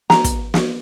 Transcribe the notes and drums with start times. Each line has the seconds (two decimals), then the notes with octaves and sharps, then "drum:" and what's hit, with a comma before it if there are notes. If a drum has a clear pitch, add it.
0.10 A#5, drum: snare
0.24 drum: kick, hi-hat
0.54 drum: snare